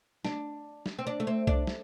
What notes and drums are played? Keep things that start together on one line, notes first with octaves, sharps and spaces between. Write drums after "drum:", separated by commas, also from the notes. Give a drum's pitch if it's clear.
D4, drum: snare
drum: snare
C4
D4
A3
C4
D4, drum: kick C2
drum: snare